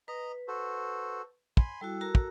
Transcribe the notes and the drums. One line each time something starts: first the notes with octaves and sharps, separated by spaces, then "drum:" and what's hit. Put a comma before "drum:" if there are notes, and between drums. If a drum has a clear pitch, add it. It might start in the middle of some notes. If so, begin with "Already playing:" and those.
B4 D#5 A#5
F#4 A4 C5
G#5 B5 C6, drum: kick
G3 E4 F#4 A4
F#4 A#4 A#5
drum: kick